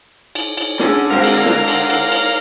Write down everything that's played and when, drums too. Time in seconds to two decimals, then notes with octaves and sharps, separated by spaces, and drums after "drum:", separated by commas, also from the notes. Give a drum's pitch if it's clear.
0.35 drum: cymbal
0.57 drum: cymbal
0.79 D3 C#4 G#4, drum: snare
1.10 G#3 C4 F#4 A#4 F5
1.24 drum: cymbal
1.46 drum: snare
1.68 drum: cymbal
1.90 drum: cymbal
2.12 drum: cymbal